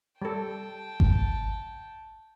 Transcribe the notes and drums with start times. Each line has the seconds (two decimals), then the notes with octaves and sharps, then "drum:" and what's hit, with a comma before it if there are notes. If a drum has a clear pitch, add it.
0.22 G3 A4 G5 A5
1.00 drum: kick G#1